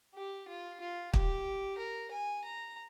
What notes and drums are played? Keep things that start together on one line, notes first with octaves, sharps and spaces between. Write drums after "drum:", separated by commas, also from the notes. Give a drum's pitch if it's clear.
G4
F4
F4
G4, drum: kick
A#4
G#5
A#5